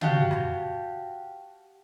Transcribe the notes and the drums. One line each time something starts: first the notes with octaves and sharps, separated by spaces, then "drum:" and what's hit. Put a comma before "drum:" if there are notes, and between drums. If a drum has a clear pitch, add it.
F#4 G4 F5 A5, drum: tom
drum: rim click